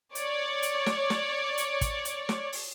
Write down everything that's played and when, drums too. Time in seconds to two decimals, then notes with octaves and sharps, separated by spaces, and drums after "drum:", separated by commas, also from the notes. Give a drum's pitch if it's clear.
0.15 C#5 D5, drum: hi-hat
0.63 drum: hi-hat
0.86 drum: snare
1.10 drum: snare
1.58 drum: hi-hat
1.81 drum: kick, hi-hat
2.05 drum: hi-hat
2.29 drum: snare
2.53 drum: open hi-hat